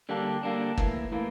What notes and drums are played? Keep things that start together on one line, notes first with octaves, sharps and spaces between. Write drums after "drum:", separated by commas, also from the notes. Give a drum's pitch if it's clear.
D3 G3 A#3 D4
D3 G3 A#3 D4
A2 E3 A#3, drum: kick
A2 E3 A#3